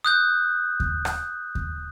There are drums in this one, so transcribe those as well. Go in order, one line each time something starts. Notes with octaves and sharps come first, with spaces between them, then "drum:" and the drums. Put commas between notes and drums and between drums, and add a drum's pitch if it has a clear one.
D#6 F#6 G6
drum: kick D#2
drum: rim click
drum: kick D#2